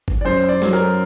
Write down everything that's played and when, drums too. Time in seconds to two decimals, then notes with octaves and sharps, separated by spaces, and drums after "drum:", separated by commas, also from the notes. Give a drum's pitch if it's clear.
0.08 drum: kick
0.21 D5
0.25 F#2 C5
0.49 D5
0.62 F#3, drum: snare
0.73 A#4